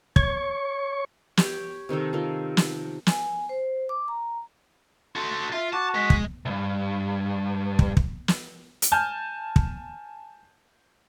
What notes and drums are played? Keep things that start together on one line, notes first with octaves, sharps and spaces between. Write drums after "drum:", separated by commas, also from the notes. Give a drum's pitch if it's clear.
C#5 C#6, drum: kick
G4 C#5, drum: snare
C3 D#3 D#4 A4
D#3 F4
drum: snare
G#5, drum: snare
C5
D6
A#5
F#4 A4 C6
F4 E5
F#4 A5 D6
G#3 B6
drum: kick
C2 G2
drum: kick
drum: kick
drum: snare
drum: hi-hat
G#5 A5 F6 G6
drum: kick